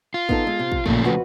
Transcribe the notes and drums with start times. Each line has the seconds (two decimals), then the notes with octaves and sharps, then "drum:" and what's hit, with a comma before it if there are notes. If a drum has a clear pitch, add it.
0.14 F4
0.29 B3 D#4 A4, drum: kick
0.47 G#3
0.59 C3
0.72 drum: kick
0.86 A#2 C#3 F3 A3, drum: kick
1.05 F2 F#4 B4